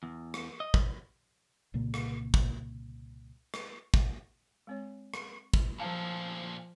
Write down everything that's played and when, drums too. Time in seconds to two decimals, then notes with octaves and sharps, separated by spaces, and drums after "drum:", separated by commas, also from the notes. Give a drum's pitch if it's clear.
0.03 E2
0.34 drum: rim click
0.60 D#5
0.74 drum: kick
1.74 C2 A#2 C#3 A#3
1.94 drum: rim click
2.34 drum: kick
3.54 drum: rim click
3.94 drum: kick
4.67 G#3 C4 C#5
5.14 drum: rim click
5.54 drum: kick
5.80 A#2 F3 A3 F5 A5